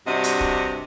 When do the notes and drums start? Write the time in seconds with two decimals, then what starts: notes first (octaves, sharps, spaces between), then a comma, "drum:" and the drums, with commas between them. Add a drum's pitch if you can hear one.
0.07 G2 C3 D4 F#4 D#5
0.24 drum: hi-hat
0.41 drum: kick D#1